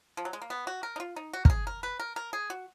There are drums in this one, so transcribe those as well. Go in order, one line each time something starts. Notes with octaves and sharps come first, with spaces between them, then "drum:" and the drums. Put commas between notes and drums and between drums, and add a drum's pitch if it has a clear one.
F3
F#3
G#3
A#3
B3
F#4
A#4
D#4
F4
D#4
F#4
A#4, drum: kick
G#4
A#4
B4
A#4
A#4
G#4
F#4